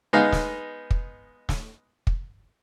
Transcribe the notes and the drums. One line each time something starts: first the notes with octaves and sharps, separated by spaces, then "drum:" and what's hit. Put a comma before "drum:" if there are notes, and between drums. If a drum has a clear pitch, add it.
G#3 B3 D#4 F5
drum: snare
drum: kick
drum: snare
drum: kick